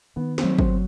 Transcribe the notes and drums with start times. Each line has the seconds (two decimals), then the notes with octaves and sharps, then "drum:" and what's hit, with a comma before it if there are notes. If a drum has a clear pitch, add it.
0.16 D#3 B3
0.38 C4, drum: snare
0.44 F#3
0.58 C4, drum: kick